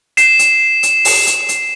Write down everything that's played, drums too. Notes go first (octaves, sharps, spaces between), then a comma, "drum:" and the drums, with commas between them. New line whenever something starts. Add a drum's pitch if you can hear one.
C7 E7, drum: hi-hat
drum: hi-hat
drum: hi-hat
drum: open hi-hat
drum: hi-hat
drum: hi-hat